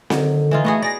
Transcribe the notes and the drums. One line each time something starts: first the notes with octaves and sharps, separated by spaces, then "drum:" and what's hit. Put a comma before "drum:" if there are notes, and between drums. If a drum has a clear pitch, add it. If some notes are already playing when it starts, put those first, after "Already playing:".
D3 D#3 F#3, drum: snare C4
E3 D#4 F4
A3 B3 F#4 G#4
G#4 D5 A#6